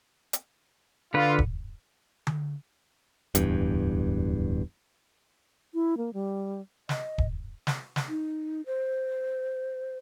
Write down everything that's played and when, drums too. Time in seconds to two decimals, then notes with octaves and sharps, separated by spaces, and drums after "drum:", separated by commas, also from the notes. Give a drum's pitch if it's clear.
0.33 drum: hi-hat
1.14 D3 F4 B4
1.39 drum: kick
2.27 drum: tom D3
3.35 D1 E2 G2, drum: hi-hat
5.74 E4
5.97 A#3
6.14 G3
6.89 D#5, drum: snare
7.18 drum: kick
7.67 drum: snare
7.96 drum: snare
8.08 D#4
8.66 C5